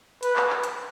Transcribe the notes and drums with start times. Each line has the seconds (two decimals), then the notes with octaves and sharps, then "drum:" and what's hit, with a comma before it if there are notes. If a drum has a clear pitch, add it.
0.23 B4, drum: hi-hat
0.36 drum: clap
0.50 drum: clap
0.64 drum: hi-hat